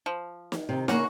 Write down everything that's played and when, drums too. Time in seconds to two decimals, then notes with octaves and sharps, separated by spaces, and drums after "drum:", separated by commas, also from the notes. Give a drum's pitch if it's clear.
0.06 F3
0.52 drum: snare
0.69 C3 D#3 D#4
0.88 C#3 A#3 C#4 F#4 F#5, drum: snare